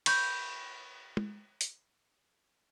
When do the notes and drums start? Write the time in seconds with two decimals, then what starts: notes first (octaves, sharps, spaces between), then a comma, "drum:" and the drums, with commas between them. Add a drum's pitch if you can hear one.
0.06 B5 C#6 G6, drum: cymbal
1.17 drum: tom
1.61 drum: hi-hat